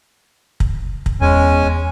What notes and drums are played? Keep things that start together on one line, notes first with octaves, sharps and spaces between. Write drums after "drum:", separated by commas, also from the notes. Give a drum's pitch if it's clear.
drum: kick
drum: kick
E2 G#3 C#4 G#5